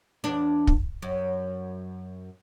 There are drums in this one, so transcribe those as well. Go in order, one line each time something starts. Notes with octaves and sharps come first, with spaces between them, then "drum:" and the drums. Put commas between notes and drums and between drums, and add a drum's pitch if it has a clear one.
E2 D4
drum: kick
F#2